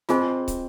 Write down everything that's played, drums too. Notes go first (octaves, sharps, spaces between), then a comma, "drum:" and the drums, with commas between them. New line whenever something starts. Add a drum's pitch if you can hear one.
C4 F4 G#4 C5 D#5 G#5, drum: snare
drum: kick, hi-hat